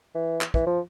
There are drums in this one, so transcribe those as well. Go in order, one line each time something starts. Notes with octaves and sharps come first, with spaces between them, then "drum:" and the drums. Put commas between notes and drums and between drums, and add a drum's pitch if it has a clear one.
E3
drum: clap
E3, drum: kick
F3